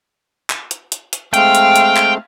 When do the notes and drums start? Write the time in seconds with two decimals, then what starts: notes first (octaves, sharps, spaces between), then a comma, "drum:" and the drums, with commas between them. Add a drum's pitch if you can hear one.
0.50 drum: clap
0.71 drum: hi-hat
0.92 drum: hi-hat
1.13 drum: hi-hat
1.34 G#3 A3 C4 F5 G5, drum: hi-hat
1.55 drum: hi-hat
1.76 drum: hi-hat
1.96 drum: clap